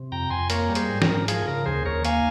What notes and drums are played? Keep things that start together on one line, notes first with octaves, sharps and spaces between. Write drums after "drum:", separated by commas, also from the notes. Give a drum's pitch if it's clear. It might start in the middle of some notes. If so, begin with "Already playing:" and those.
Already playing: C3
F2 G5 A#5
F2 G#5 C6
A#3 A#4 C#5, drum: hi-hat
G3
G#4 C5, drum: hi-hat
G#2
A#4, drum: snare
G#2
F3 G#4, drum: hi-hat
C#3 A#4
D#2 G#4 C5
D#2 A#4 C#5
A#3 F5 G#5, drum: hi-hat